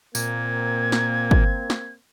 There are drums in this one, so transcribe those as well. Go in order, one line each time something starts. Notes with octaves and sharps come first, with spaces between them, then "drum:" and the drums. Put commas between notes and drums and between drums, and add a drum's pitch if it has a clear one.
A#2 A#3 C4 G#6, drum: tambourine
drum: snare
drum: kick
drum: snare